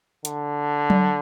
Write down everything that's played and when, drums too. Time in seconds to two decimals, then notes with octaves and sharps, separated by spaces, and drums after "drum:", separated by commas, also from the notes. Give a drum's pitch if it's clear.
0.25 D3, drum: hi-hat
0.90 drum: tom F#3